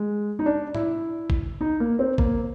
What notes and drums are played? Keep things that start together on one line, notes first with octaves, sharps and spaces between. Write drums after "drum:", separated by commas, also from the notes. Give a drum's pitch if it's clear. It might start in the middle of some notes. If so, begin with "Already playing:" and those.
Already playing: G#3
D#4
D4
E4, drum: tom A2
drum: kick
D#4
A#3
C4
A#3, drum: kick